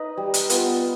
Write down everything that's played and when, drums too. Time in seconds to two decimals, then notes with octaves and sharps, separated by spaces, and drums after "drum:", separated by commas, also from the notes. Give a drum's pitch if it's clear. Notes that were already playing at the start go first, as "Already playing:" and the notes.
Already playing: D#4 B4 D#5
0.17 G3
0.34 drum: hi-hat
0.50 B3 F4 B4, drum: hi-hat